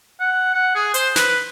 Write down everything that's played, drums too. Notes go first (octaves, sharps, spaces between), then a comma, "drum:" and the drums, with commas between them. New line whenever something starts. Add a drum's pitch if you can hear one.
F#5
F#5
G#4
C5, drum: hi-hat
B4, drum: snare